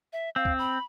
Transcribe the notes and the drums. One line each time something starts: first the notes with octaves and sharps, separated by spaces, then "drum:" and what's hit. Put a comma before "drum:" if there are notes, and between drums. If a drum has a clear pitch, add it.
E5
C4 F5
drum: kick
B5